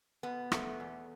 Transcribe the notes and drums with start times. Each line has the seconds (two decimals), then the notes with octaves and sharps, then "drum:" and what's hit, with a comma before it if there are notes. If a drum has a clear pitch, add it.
0.23 B2 B3
0.52 A3, drum: rim click
0.80 E2